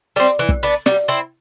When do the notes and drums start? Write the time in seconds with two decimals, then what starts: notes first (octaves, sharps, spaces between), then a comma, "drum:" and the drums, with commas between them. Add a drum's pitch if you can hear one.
0.16 G3 C4
0.39 E3
0.49 drum: kick
0.63 B3 D4
0.86 G3, drum: snare
1.08 C4 E4